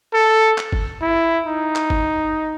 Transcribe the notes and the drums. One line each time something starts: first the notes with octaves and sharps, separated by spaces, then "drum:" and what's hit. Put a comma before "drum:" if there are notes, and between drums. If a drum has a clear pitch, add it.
A4
drum: clap
drum: kick G1
E4
D#4
drum: clap
drum: kick G1